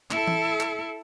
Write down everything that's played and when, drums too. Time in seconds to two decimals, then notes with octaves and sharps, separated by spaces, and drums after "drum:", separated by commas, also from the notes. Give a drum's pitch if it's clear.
0.11 E4 A4, drum: clap
0.27 drum: tom
0.60 drum: clap